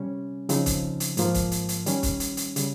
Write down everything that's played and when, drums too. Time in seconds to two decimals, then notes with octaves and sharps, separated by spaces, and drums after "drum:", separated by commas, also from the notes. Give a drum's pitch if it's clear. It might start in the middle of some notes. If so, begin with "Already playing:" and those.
Already playing: C3 G3 C#4
0.49 C#3 F3 C4 D#4, drum: hi-hat
0.66 drum: kick, hi-hat
1.00 drum: hi-hat
1.17 G#2 F3 A#3, drum: hi-hat
1.34 drum: kick, hi-hat
1.51 drum: hi-hat
1.69 drum: hi-hat
1.86 D#3 G3 C#4, drum: hi-hat
2.03 drum: kick, hi-hat
2.20 drum: hi-hat
2.37 drum: hi-hat
2.56 C#3 G3, drum: hi-hat